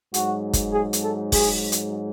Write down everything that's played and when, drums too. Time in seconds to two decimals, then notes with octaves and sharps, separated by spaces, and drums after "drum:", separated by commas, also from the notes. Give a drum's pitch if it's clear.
0.14 G#2 F#3 F#4, drum: hi-hat
0.53 drum: kick, hi-hat
0.73 G#4
0.93 drum: hi-hat
1.03 A4
1.32 G#4, drum: kick, open hi-hat
1.72 drum: hi-hat